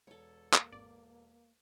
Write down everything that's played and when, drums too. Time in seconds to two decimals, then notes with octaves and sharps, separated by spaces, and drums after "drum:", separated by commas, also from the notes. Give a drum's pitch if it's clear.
0.07 E1 A4 C#5
0.53 A#3, drum: clap
0.72 G#1 D5